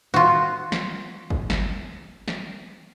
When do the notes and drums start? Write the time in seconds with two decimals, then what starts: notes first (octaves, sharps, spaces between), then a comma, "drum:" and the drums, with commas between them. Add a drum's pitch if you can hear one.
0.14 F4 F#4
0.72 drum: snare
1.30 drum: kick
1.50 drum: snare
2.28 drum: snare